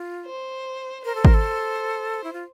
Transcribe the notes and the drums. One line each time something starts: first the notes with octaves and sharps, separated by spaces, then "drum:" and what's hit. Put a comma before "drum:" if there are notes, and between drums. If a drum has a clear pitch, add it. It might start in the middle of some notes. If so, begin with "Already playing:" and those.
Already playing: F4
C5
A#4 C5
A4
A#4, drum: kick G#1
A4
E4
F4